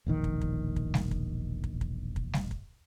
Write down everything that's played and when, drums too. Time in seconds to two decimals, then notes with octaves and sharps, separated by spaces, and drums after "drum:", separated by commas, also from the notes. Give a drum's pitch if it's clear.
0.07 E1 A#1 D#3
0.24 drum: kick
0.41 drum: kick
0.76 drum: kick
0.94 drum: snare G3
1.11 drum: kick
1.64 drum: kick
1.81 drum: kick
2.16 drum: kick
2.33 drum: snare G3
2.51 drum: kick